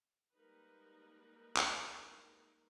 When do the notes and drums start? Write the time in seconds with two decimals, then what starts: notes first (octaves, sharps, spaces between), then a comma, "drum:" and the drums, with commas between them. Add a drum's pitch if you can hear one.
0.34 G3 G#3 A#3 D#4 A#4 B4
1.57 drum: clap